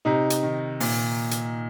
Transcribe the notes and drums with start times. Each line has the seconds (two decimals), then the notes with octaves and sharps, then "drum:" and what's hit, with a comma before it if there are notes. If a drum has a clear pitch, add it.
0.05 C3 D#4
0.30 drum: hi-hat
0.43 D#3
0.80 A#2, drum: open hi-hat
1.31 drum: hi-hat